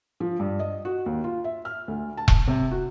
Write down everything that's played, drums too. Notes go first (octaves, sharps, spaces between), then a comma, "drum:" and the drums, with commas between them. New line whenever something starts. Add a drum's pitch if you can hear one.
F3
G2
D#5
F#4
D#2
F4
E5
F6
D2
A5
drum: kick E1
C3
F#4